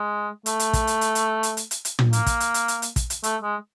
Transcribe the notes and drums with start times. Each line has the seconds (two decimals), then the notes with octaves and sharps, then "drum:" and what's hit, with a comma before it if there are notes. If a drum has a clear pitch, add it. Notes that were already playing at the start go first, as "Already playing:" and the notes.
Already playing: G#3
0.46 A3, drum: hi-hat
0.60 drum: hi-hat
0.73 drum: kick, hi-hat
0.87 drum: hi-hat
1.01 drum: hi-hat
1.15 drum: hi-hat
1.43 drum: hi-hat
1.57 drum: hi-hat
1.71 drum: hi-hat
1.85 drum: hi-hat
1.99 drum: tom
2.13 A#3, drum: hi-hat
2.26 drum: kick, hi-hat
2.40 drum: hi-hat
2.54 drum: hi-hat
2.68 drum: hi-hat
2.82 drum: hi-hat
2.96 drum: kick, hi-hat
3.10 drum: hi-hat
3.23 A3, drum: hi-hat
3.43 G#3